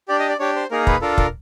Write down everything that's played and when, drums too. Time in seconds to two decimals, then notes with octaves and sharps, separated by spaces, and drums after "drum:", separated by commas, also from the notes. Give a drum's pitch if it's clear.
0.08 D4 G4 D5
0.19 D#5
0.30 D5
0.39 D4 G4 C#5
0.56 C5
0.71 A#3 D#4 G#4 A#4
0.87 B4, drum: kick
1.01 D4 F4 A4 A#4
1.18 A#4, drum: kick